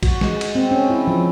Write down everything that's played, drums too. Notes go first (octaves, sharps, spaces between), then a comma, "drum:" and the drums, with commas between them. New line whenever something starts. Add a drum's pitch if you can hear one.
F#4, drum: kick A#1, cymbal
G#3, drum: snare
drum: cymbal
C4
C#4
E4
F3